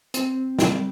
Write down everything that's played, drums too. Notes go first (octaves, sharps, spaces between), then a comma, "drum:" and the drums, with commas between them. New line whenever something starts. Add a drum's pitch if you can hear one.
C4, drum: hi-hat
G3, drum: snare